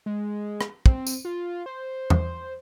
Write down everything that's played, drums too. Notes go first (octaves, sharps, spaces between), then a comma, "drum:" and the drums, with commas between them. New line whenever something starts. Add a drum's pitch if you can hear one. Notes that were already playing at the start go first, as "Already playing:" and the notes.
G#3
drum: rim click
C4, drum: kick
drum: tambourine
F4
C5
drum: tom E2